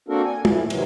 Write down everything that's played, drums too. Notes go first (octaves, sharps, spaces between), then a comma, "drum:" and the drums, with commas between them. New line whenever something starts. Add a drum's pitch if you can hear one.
A#3 C4 D4 F#4 A4 A#4
G#5
A2 E3, drum: tom
C3 D#3 E3 F#3, drum: cymbal